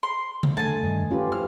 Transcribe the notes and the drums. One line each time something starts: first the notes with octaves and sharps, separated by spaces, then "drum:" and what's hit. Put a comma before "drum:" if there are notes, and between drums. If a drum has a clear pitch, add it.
C6
drum: tom C3
D3 A3 G#5 A5
G2 D#3 D#5
F3 C#4 F4 G4 B4
E4 C5 F6